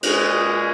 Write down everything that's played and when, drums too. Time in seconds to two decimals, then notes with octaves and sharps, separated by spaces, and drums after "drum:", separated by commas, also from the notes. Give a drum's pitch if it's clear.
0.03 A#2 G#3 C#4 G#4, drum: cymbal